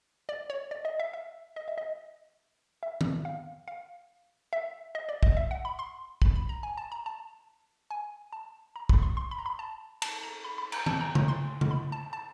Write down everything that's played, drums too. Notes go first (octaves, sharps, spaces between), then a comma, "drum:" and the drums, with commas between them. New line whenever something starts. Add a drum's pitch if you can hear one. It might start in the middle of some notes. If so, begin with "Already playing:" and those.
D5
C#5
D5
D#5
E5
E5
D#5
E5
D#5
E5
drum: tom
F5
F5
E5
D#5
D5
D#5, drum: kick
E5
F#5
B5
C6
B5, drum: kick
B5
A#5
G#5
A5
A#5
A5
G#5
A5
A#5
B5, drum: kick
C6
C6
B5
A#5
B5
A5
A5, drum: cymbal
A#5
B5
B5
A#5, drum: cymbal
A5, drum: tom
A#5
A#5, drum: tom C#3
C6
drum: tom C#3
B5
A5
A5